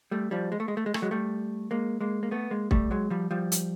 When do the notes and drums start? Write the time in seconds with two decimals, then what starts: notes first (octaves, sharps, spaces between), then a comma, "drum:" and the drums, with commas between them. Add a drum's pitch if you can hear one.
0.11 G3 A3
0.31 F3 G3
0.52 G#3
0.60 A3
0.68 G#3
0.77 A3
0.86 G#3
0.94 A3, drum: rim click
1.02 F#3 G#3
1.11 G3 A3
1.71 G#3 A#3
2.01 G#3 A#3
2.23 A#3
2.31 A3 B3
2.51 G#3 A#3
2.71 G3 A3, drum: kick
2.91 F#3 G#3
3.10 F3 G3
3.31 F3 G3
3.52 drum: hi-hat